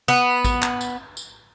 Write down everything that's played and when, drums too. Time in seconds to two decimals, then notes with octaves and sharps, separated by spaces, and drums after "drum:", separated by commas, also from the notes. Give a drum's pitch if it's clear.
0.08 B3, drum: tambourine
0.45 drum: kick A1, tambourine
0.63 drum: clap
0.81 drum: tambourine
1.17 drum: tambourine